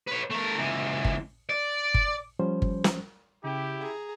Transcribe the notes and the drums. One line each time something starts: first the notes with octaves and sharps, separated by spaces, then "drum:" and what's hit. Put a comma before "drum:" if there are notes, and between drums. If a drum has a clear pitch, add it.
B4 C#5
A3 A#4
C#2 E3
drum: kick G1
D5
drum: kick G1
F3 G3 C#4 C5
drum: kick G1
drum: snare
C#3 E4 G4
G#4 A#5